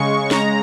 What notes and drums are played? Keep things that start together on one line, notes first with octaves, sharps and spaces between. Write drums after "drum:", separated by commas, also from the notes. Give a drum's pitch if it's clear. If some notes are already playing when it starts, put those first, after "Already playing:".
Already playing: C#3 G#3 C#6
A#5, drum: snare